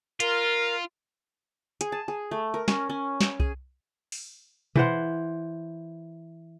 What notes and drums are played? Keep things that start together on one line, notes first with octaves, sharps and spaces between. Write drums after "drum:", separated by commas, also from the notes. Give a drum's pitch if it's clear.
F4 A#4, drum: hi-hat
G#4, drum: hi-hat
A5
G#4
A3
A#4
C#4, drum: snare
C#4
drum: snare
G#4, drum: kick C2
drum: open hi-hat
E3 C5 F#5, drum: tom B2